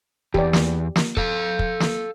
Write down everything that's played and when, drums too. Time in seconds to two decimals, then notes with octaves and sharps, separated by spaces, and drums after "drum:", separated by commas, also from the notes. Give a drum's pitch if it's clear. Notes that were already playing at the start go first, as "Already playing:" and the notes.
0.34 E2 G4 D5, drum: kick
0.53 drum: snare
0.96 drum: snare
1.17 A4 F5, drum: kick
1.59 drum: kick
1.80 drum: snare